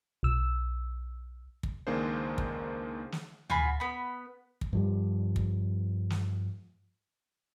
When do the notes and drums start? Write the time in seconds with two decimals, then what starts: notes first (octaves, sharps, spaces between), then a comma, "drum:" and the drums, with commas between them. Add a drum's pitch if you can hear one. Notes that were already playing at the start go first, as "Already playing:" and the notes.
0.23 B1 E6
1.63 drum: kick
1.87 C#2 D#3 A#3 D4 G#4 C5
2.38 drum: kick
3.12 drum: snare
3.50 F4 F#4 G#4 B5, drum: tom
3.80 B3 B5
4.61 drum: kick
4.73 G2 F3 G3
5.36 drum: kick
6.10 drum: snare